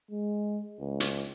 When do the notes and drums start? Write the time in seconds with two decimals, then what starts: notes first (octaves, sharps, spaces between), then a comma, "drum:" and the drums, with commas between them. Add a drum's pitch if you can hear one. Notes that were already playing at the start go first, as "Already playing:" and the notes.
0.11 G#3
0.80 C#2
1.00 drum: hi-hat